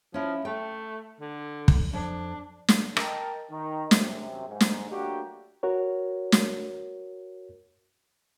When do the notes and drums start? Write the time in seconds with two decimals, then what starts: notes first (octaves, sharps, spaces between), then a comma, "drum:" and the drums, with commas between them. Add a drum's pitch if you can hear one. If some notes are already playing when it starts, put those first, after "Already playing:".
0.14 F3 C#4 E4
0.45 A3 G5
1.20 D3
1.68 drum: kick
1.93 F2 D4
2.68 drum: snare
2.97 A#4 D#5 G5 A5, drum: rim click
3.51 D#3
3.91 F#2 C3, drum: snare
4.48 G#2
4.60 drum: snare
4.90 F#3 A3 A#3 D4 F#4 G4
5.63 F#4 A#4 C#5
6.32 drum: snare